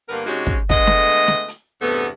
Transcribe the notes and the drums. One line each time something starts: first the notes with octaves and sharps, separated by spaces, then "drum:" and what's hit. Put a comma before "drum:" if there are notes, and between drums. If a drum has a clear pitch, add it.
G2 D3 A#3 B3 A#4 B4
C3 G#3 C#4 D#4 F#4 G4, drum: hi-hat
drum: kick
D3 G#3 A3 B3 D#5, drum: kick, hi-hat
drum: snare
drum: snare
drum: hi-hat
E2 G2 C3 A3 B3